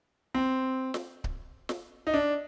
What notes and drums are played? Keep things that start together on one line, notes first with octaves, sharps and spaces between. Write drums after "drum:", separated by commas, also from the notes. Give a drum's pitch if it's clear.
C4
drum: snare
drum: kick C#1
drum: snare
D#4
D4